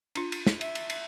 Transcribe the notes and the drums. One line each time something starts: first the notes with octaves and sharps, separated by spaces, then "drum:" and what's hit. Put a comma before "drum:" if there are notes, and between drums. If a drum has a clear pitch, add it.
D4 F4, drum: cymbal
drum: cymbal
drum: snare
E5, drum: cymbal
drum: cymbal
drum: cymbal